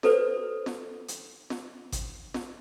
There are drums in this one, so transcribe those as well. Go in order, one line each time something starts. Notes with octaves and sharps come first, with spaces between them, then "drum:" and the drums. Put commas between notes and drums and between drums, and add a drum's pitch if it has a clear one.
F#4 A4 B4 C5 D5, drum: snare
drum: snare
drum: hi-hat
drum: snare
drum: kick G#1, hi-hat
drum: snare